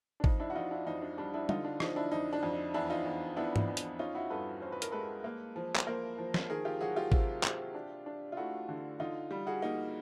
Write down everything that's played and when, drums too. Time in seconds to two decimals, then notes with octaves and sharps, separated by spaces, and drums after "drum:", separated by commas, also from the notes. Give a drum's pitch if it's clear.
0.20 D4
0.24 F2 D#4, drum: kick G#1
0.40 D4 E4
0.50 F#4
0.55 F2 D#4 F4
0.71 D4 E4
0.87 F2 D#4
1.02 D4
1.18 G3 D4
1.34 D4 E4
1.49 D3 D#4 F4, drum: tom
1.64 D4
1.80 F3 D#4, drum: rim click
1.96 D4 E4
2.11 F2 D#4
2.33 D4
2.43 F2
2.53 D#4
2.74 E2 D4 E4
2.90 D#4 F4
3.05 E2
3.36 B3 D4 E4
3.56 drum: tom G#2
3.68 E2
3.77 drum: hi-hat
3.99 C#4 D#4 F4
4.15 E4 F#4
4.30 G2 A4 B4
4.62 C#4 C5
4.72 B4
4.82 A#4, drum: hi-hat
4.92 G#3 A4 B4
5.24 A#3
5.56 F3
5.76 drum: clap
5.87 A#3 A#4 C5
6.18 F3
6.34 drum: snare
6.50 D#3 G#4 A#4
6.65 F4 G4
6.81 F#3 F#4 G#4
6.96 F4 G4
7.12 C3, drum: kick G#1
7.43 C3, drum: clap
7.74 D4
8.06 D4
8.32 F4
8.37 A3 E4 F#4
8.69 D3
9.00 D3 D#4 F4
9.31 G3
9.47 F#4 G#4
9.62 A#3 D#4